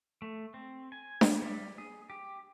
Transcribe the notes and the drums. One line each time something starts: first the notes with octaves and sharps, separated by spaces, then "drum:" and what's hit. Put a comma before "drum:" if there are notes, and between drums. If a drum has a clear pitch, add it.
A3
C4
G#5
drum: snare D4
G3
G#4
G4